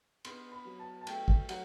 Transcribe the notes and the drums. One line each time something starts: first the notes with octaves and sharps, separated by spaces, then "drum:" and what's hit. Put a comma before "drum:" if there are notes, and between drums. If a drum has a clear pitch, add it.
B3 C6, drum: cymbal
B5
F#3
A5
A5
A3 G5, drum: cymbal
drum: kick
F#3 F#5, drum: cymbal